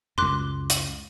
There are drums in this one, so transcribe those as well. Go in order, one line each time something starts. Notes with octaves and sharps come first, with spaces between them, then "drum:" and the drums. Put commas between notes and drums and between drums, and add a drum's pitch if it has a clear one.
C#2 F#2 C6 D6 F#6
drum: hi-hat